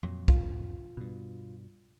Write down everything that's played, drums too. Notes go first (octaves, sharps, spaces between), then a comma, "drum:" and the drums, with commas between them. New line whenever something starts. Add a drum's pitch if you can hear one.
F2 A#2 F#3
F4, drum: kick
G2 B2